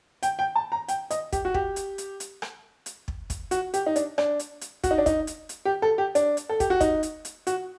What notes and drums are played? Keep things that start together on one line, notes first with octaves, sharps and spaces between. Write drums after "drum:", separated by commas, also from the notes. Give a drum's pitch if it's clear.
G5, drum: hi-hat
G5
A5
A#5
G5, drum: hi-hat
D#5, drum: hi-hat
G4, drum: kick, hi-hat
F#4
G4, drum: kick
drum: hi-hat
drum: hi-hat
drum: hi-hat
drum: rim click
drum: hi-hat
drum: kick
drum: kick, hi-hat
F#4, drum: hi-hat
G4, drum: hi-hat
D#4
D4, drum: hi-hat
D4, drum: rim click
drum: hi-hat
drum: hi-hat
F#4, drum: kick, hi-hat
D#4
D4
D#4, drum: kick, hi-hat
drum: hi-hat
drum: hi-hat
G4
A4
G4
D4, drum: hi-hat
drum: hi-hat
A4
G4, drum: kick, hi-hat
F#4
D#4, drum: kick, hi-hat
drum: hi-hat
drum: hi-hat
F#4, drum: hi-hat